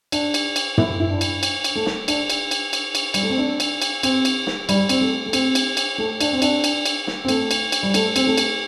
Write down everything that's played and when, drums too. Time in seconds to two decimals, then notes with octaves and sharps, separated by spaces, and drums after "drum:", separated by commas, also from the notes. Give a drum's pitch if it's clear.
0.12 D4, drum: cymbal
0.34 drum: cymbal
0.56 drum: cymbal
0.78 E4, drum: tom
1.00 E4
1.10 D4
1.21 drum: cymbal
1.43 drum: cymbal
1.64 drum: cymbal
1.75 A3
1.86 drum: snare
2.08 D4, drum: cymbal
2.30 drum: cymbal
2.51 drum: cymbal
2.73 drum: cymbal
2.95 drum: cymbal
3.14 G3, drum: cymbal
3.23 A3
3.30 C4
3.38 D4
3.60 drum: cymbal
3.82 drum: cymbal
4.03 C4, drum: cymbal
4.25 drum: cymbal
4.47 drum: snare
4.69 G3, drum: cymbal
4.89 C4, drum: cymbal
5.01 A3
5.26 A3
5.33 C4, drum: cymbal
5.55 drum: cymbal
5.77 drum: cymbal
5.98 A3
6.21 D4, drum: cymbal
6.33 C4
6.42 D4, drum: cymbal
6.64 drum: cymbal
6.86 drum: cymbal
7.07 drum: snare
7.25 C4
7.28 A3, drum: cymbal
7.51 drum: cymbal
7.72 drum: cymbal
7.83 G3
7.94 A3, drum: cymbal
8.16 C4, drum: cymbal
8.27 A3
8.37 drum: cymbal